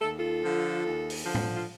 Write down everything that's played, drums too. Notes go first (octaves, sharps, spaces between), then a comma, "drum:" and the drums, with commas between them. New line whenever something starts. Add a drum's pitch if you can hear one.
D#2 A4
F4 A4
D3 F3
D#2
drum: open hi-hat
D3 F3
drum: tom A2
F4